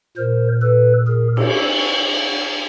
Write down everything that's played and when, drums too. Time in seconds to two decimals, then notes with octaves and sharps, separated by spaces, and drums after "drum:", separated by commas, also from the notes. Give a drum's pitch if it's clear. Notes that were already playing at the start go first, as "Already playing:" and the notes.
0.17 A#2 A#4 C5
0.62 A4 B4
1.07 G#4 A#4
1.37 G4 A4, drum: cymbal